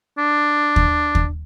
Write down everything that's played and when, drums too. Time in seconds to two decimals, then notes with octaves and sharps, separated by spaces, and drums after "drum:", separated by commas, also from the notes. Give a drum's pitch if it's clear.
0.18 D4
0.76 drum: kick
1.15 drum: kick